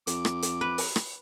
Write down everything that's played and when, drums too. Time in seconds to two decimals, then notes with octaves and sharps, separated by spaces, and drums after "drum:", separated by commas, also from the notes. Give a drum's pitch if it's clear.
0.07 F2 D6, drum: hi-hat
0.25 drum: rim click
0.42 drum: hi-hat
0.61 B4
0.78 drum: open hi-hat
0.96 drum: rim click